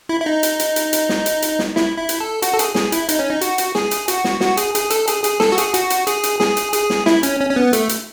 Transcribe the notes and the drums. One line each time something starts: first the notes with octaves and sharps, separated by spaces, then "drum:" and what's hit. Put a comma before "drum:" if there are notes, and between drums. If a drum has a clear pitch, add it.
E4
E4
D#4
drum: hi-hat
drum: hi-hat
drum: hi-hat
drum: hi-hat
drum: snare
drum: hi-hat
drum: hi-hat
drum: snare
E4, drum: snare
E4
drum: hi-hat
A4
F#4, drum: hi-hat
A4
G#4, drum: hi-hat
G#4, drum: snare
E4, drum: hi-hat
D#4, drum: hi-hat
C#4
D#4
F#4, drum: hi-hat
drum: hi-hat
G#4, drum: snare
drum: hi-hat
F#4, drum: hi-hat
drum: snare
F#4, drum: snare
G#4, drum: hi-hat
G#4, drum: hi-hat
A4, drum: hi-hat
G#4, drum: hi-hat
G#4, drum: hi-hat
A4, drum: snare
F#4
G#4, drum: hi-hat
F#4, drum: hi-hat
drum: hi-hat
G#4, drum: hi-hat
drum: hi-hat
G#4, drum: snare
drum: hi-hat
G#4, drum: hi-hat
drum: snare
E4, drum: snare
C#4, drum: hi-hat
C#4
C#4
B3
A3, drum: hi-hat
drum: hi-hat